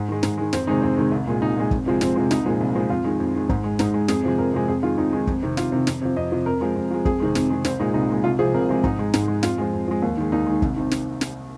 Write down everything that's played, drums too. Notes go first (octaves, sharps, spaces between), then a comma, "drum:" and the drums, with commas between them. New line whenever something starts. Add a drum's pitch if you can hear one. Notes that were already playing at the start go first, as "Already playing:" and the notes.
Already playing: G#2
D#3 G#3
G#2, drum: snare
D#3 G#3
F2 C4, drum: snare
C3 D#3 G#3 D#4
F2 C4
C3 D#3 G#3
C2
A#2 G#3
C2 D#4
A#2 G#3
F2, drum: kick
C3 F3 G#3
F2 C4, drum: snare
C3 F3 G#3
C2 D#4, drum: snare
A#2 F3 G#3
C2
A#2 F3 G#3
F2 F4
D#3 G#3
F2
D#3 G#3
G#2, drum: kick
G#3
G#2 D#4, drum: snare
G#3
F2 G#4, drum: snare
C3 F3 G#3
F2 A#4
C3 F3 G#3
F2 G#4
D#3 G#3 F4
F2 D#4
D#3 G#3
F2, drum: kick
C3 D#3
F2 F4, drum: snare
C3 D#3
F2, drum: snare
C3 F3
F2 D#5
C3 F3
F2 A#4
F3 G#3
F2
F3 G#3
F2 G#4, drum: kick
C3 D#3 G#3
F2, drum: snare
C3 D#3 G#3
C2 C4, drum: snare
A#2 G#3 D#4
C2 D#4
A#2 G#3
C2 F4
C3 F3 G#3 G#4
C2 A#4
C3 F3 G#3
G#2 D#4, drum: kick
G#3
G#2, drum: snare
G#3
F2 F4, drum: snare
F3 G#3
F2
F3 G#3
D#2
D#3 G#3
D#2 D#4
D#3 G#3
C2, drum: kick
C3 D#3
drum: snare
drum: snare